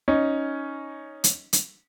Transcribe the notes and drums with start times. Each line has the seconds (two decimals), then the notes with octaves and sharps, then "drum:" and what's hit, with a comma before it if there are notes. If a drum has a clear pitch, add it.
0.08 C#4 D#4
1.24 drum: hi-hat
1.53 drum: hi-hat